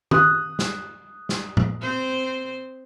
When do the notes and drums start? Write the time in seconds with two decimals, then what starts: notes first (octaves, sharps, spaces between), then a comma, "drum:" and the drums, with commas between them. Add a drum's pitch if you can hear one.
0.11 D#6 F#6, drum: tom
0.59 drum: snare
1.29 drum: snare
1.57 drum: tom A2
1.82 C4 C5